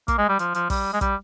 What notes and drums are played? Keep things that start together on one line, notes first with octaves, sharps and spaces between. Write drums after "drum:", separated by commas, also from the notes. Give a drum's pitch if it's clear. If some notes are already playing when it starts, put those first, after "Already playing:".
A#3, drum: kick, hi-hat
G#3
G3
F3, drum: hi-hat
F3, drum: hi-hat
G3, drum: kick, open hi-hat
G#3
G3, drum: kick, hi-hat